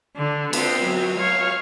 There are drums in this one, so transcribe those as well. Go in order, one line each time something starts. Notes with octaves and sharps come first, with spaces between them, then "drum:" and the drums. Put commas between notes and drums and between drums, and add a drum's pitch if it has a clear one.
D3
B3 C4, drum: cymbal
F#3
C#5 F5